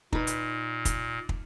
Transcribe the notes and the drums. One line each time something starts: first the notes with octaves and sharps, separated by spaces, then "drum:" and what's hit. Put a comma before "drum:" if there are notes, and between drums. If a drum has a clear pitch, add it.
A#2 D#4 B4, drum: kick
drum: hi-hat
drum: kick, hi-hat
drum: kick